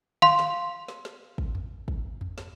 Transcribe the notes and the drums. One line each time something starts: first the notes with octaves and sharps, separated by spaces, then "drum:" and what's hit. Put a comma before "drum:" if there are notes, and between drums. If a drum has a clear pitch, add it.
F5 C6, drum: tom
drum: snare
drum: snare
drum: snare
drum: kick
drum: tom E2
drum: kick
drum: tom E2
drum: snare